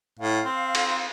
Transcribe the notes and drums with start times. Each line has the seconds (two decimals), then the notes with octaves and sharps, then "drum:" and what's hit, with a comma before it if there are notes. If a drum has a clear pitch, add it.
0.19 A2 F5
0.45 C4
0.75 drum: cymbal